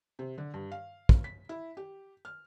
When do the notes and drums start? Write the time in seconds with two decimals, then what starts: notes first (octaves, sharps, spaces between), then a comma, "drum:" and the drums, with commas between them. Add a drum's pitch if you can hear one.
0.19 C3
0.38 D3
0.54 G2
0.72 F5
1.09 drum: kick
1.24 B6
1.49 E4
1.77 G4
2.25 F6